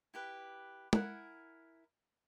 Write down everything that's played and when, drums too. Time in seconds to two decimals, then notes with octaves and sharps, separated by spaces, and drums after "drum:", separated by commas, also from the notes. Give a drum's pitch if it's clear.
0.14 E4 G4 B4
0.93 E4 A#4 F#5 G#5, drum: tom